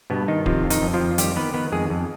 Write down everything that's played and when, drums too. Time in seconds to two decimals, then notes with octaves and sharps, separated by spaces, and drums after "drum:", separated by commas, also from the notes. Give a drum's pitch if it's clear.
0.10 G2 B2 B3
0.28 D#3 D#4
0.46 C3 F3 F4, drum: kick D1
0.64 F2
0.70 D#3 D#4, drum: hi-hat
0.82 F2
0.94 F3 F4
1.00 F2
1.18 D#3 G3 G4, drum: hi-hat
1.36 D#3 B3 B4
1.54 D#3 B3 B4
1.72 F2 G#3 G#4
1.90 F2